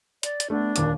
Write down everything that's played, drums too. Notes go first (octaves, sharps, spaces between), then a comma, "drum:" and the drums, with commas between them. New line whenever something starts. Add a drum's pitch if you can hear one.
D5, drum: hi-hat
drum: hi-hat
A3 B3 D4
D#1 D#2 D6, drum: hi-hat